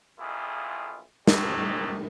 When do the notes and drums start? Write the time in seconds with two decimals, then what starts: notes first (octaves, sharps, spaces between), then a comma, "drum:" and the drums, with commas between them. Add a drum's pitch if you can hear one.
0.19 B1 F2 A#2 E4 F4 G#4
1.27 A2 D#3 E3 F#3 G#3 A3, drum: snare